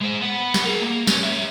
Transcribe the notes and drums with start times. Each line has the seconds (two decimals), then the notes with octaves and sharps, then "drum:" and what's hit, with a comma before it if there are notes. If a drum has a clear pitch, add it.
0.01 G#3 C5
0.21 B3 F#5
0.54 drum: snare
0.65 G#4 A#4
0.82 A#3
1.07 C#4, drum: snare
1.24 C#4 E5